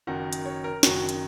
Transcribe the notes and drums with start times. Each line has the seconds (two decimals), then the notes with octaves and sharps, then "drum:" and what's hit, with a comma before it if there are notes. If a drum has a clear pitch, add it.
0.07 F#1 F#2 D#3 F#3 F#5
0.33 drum: hi-hat
0.46 C#5
0.64 A#4
0.83 F#1 F#2 D#3 F#3 F#4, drum: snare
1.09 drum: hi-hat